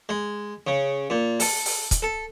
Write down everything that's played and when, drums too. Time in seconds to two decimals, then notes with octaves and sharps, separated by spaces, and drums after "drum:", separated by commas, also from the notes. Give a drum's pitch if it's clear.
0.09 G#3
0.67 C#3
1.10 A#2
1.40 A4, drum: open hi-hat
1.65 drum: open hi-hat
1.91 drum: kick, hi-hat
2.02 A4